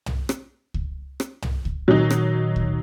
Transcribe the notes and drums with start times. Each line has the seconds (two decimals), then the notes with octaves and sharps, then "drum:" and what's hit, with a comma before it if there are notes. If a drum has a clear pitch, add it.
0.06 drum: tom
0.29 drum: rim click
0.74 drum: kick C#2
1.20 drum: rim click
1.42 drum: tom
1.65 drum: kick C#2
1.88 A#2 D#3 F#3 D#4
2.11 drum: rim click
2.56 drum: kick C#2